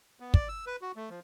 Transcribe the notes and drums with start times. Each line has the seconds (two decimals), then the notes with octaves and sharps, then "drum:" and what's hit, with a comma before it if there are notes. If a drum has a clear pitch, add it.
0.20 B3
0.34 D5, drum: kick
0.49 E6
0.67 B4
0.82 F#4
0.96 A3
1.10 F3